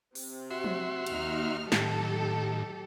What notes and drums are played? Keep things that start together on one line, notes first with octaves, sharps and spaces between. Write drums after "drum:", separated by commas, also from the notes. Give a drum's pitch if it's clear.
C3, drum: open hi-hat
F#4 E5 C6
drum: tom F3
D#2 D#4 F6, drum: cymbal
A2 D#3 F#3 G4 A4, drum: snare